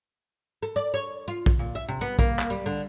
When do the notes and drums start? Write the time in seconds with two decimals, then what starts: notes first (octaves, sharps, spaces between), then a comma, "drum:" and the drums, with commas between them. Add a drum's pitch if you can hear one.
0.63 A4
0.76 D5
0.94 C#5
1.28 F4
1.46 drum: kick
1.59 A#2
1.75 E5
1.88 C3
2.01 B3
2.19 A#3, drum: kick
2.39 drum: clap
2.50 G3
2.66 D3